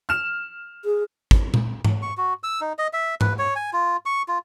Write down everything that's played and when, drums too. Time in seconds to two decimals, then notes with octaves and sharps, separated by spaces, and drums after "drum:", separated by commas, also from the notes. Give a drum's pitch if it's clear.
0.09 F6 E7
0.85 G#4
1.31 drum: kick
1.54 drum: tom A#2
1.85 drum: tom G#2
2.02 C#6
2.17 F#4
2.44 E6
2.61 D#4
2.79 D#5
2.93 E5
3.21 B4, drum: tom G#2
3.39 C#5
3.56 G#5
3.73 F4
4.06 C#6
4.28 F4